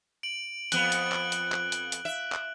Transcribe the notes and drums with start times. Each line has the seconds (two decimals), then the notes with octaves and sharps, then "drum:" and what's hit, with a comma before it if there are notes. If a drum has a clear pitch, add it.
0.23 D7 F#7
0.72 F2 B3 F#6 D7 F#7, drum: hi-hat
0.92 drum: hi-hat
1.12 drum: clap
1.32 drum: hi-hat
1.52 drum: clap
1.72 drum: hi-hat
1.92 drum: hi-hat
2.05 E5
2.32 drum: clap